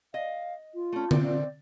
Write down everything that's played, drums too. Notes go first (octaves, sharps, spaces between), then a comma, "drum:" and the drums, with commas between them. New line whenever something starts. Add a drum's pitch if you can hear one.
D#5 F5
F4
A3 C#4
C3 C4 D5, drum: tom D3